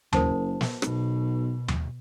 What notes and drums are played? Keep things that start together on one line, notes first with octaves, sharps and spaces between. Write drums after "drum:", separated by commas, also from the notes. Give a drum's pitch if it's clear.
F#1 A#4 C5 A5, drum: tom D#2
drum: snare
B1 B2, drum: rim click
drum: tom D#2